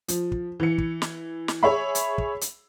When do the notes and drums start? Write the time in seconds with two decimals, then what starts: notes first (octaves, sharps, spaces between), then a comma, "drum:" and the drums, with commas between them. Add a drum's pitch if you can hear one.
0.08 F3, drum: hi-hat
0.32 drum: kick
0.60 E3 C#7
0.78 drum: kick
1.02 drum: snare
1.48 drum: snare
1.63 G#4 C#5 E5 B5
1.95 drum: hi-hat
2.18 drum: kick
2.41 drum: hi-hat